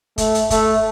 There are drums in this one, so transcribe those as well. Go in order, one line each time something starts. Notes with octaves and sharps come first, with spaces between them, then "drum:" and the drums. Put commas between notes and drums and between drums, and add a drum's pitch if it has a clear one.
A3, drum: kick, hi-hat
drum: hi-hat
A3, drum: kick, hi-hat